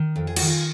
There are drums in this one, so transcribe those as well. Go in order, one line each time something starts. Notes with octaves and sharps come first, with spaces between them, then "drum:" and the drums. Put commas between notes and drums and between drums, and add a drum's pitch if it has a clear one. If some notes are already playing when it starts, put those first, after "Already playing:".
Already playing: D#3
F2
G#4
D#3 F#4, drum: cymbal
F4 G#4